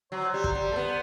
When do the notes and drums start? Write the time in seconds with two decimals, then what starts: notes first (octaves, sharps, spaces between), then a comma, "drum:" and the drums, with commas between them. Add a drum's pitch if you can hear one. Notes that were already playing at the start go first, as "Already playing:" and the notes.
0.12 F#3 C5
0.34 G3
0.44 drum: kick
0.55 G3
0.72 A3
0.76 B3